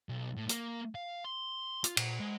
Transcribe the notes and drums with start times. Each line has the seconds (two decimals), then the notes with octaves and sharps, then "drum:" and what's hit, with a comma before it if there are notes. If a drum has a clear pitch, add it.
0.09 B1
0.36 A2
0.49 A#3, drum: hi-hat
0.95 F5
1.24 C6
1.84 F4, drum: hi-hat
1.97 A#2, drum: cymbal
2.20 G#3